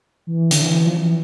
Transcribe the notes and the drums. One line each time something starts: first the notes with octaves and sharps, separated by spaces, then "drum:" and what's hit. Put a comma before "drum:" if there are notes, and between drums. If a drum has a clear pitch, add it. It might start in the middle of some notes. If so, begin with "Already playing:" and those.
E3
D3, drum: hi-hat
E3
F3
E3